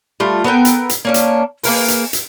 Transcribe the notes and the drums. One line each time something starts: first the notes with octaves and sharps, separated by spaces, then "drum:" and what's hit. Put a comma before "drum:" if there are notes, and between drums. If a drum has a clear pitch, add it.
G3 A3 F4
B3 A4 A#4 G5
drum: hi-hat
drum: hi-hat
A#3 C#4 D4
drum: hi-hat
A#3 G#4 A#4 B4, drum: open hi-hat
drum: hi-hat
drum: hi-hat